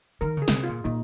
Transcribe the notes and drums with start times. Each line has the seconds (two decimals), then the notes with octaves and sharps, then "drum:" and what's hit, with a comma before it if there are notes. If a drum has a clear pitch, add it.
0.21 D#3 A#4
0.37 C#3
0.42 G#4
0.48 C#3, drum: snare
0.53 C3
0.63 F4
0.69 A#2
0.84 A#2 D#4